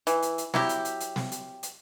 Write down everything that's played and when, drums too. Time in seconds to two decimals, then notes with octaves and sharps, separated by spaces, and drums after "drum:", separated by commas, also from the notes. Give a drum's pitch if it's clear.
0.07 E3, drum: hi-hat
0.22 drum: hi-hat
0.38 drum: hi-hat
0.54 F#3 E4 G4, drum: snare
0.69 drum: hi-hat
0.85 drum: hi-hat
1.00 drum: hi-hat
1.16 drum: snare
1.32 drum: hi-hat
1.63 drum: hi-hat